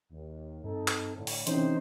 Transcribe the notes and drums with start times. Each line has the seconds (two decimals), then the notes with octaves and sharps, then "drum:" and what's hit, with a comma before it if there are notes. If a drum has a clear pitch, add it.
0.11 D#2
0.64 G2 C4 D#4 A4
0.88 drum: clap
1.16 A2 D3
1.27 drum: open hi-hat
1.47 C3 E3 C4 C#4 D#4 C5, drum: hi-hat